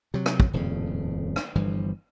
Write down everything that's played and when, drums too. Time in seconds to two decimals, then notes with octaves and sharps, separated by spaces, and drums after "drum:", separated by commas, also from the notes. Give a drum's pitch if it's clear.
0.14 C3 F#3
0.26 drum: rim click
0.40 drum: kick
0.53 D#1 F2 A2 C#3
1.36 drum: rim click
1.55 G1 G2 E3 F3